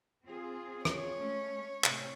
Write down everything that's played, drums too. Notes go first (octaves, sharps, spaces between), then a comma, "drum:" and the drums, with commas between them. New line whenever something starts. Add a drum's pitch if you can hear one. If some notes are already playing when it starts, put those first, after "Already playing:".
C4 F4 G#4
C#5, drum: rim click
G#3 A3 C#4
A2 C3, drum: clap